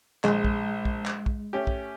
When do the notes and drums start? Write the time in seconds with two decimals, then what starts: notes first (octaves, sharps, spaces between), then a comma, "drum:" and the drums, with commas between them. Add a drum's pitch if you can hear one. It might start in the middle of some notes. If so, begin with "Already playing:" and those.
0.24 A#1 G#3, drum: clap
0.44 drum: kick
0.85 drum: kick
1.06 drum: clap
1.26 drum: kick
1.53 A3 C#4 G4
1.67 drum: kick